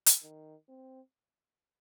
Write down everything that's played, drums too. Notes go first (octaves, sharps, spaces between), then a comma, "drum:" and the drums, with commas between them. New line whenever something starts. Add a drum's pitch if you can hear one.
drum: hi-hat
D#3
C4